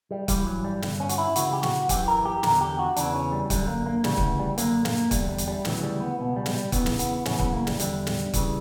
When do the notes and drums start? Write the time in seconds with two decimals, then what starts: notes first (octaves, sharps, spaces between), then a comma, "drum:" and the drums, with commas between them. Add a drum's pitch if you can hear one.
0.11 G3
0.28 G2 E3 G3, drum: kick, hi-hat
0.47 F#3
0.64 G3
0.82 G2 D3, drum: snare
1.00 C#4
1.09 F#4, drum: hi-hat
1.18 E4
1.36 C#2 C#3 E3 F#4, drum: hi-hat
1.53 G4
1.63 F#4, drum: snare
1.89 F#2 E3 G4, drum: kick, hi-hat
2.08 A#4
2.25 G4
2.43 E2 D3 A#4, drum: snare
2.61 G4
2.79 F#4
2.96 E2 C#3 E3 D4, drum: hi-hat
3.15 C#4
3.32 G3
3.50 F#2 D3 G3, drum: kick, hi-hat
3.68 A#3
3.86 A#3
4.04 D2 C#3 E3 G3, drum: snare
4.18 drum: kick
4.39 G3
4.58 F#2 D3 A#3, drum: hi-hat
4.85 A#3, drum: snare
5.11 E2 D3 G3, drum: kick, hi-hat
5.29 G3
5.38 drum: hi-hat
5.48 G3
5.65 D2 C#3 E3 F#3, drum: snare
5.83 G3
6.00 B3
6.19 C#2 B2 B3
6.36 G3
6.46 drum: snare
6.55 G3
6.72 E2 C#3 E3 B3, drum: kick, hi-hat
6.86 drum: snare
6.99 B3, drum: hi-hat
7.25 F#2 C#3 E3 C#4, drum: snare
7.39 B3, drum: kick
7.53 A#3
7.67 G3, drum: snare
7.80 E2 D3 G3, drum: hi-hat
8.07 drum: snare
8.34 C#3 E3, drum: kick, hi-hat